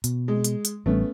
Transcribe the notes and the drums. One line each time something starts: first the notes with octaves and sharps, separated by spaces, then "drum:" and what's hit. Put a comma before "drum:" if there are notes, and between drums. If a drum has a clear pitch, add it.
B2, drum: hi-hat
G#3
drum: hi-hat
drum: hi-hat
A1 G3 A3 B3 C#4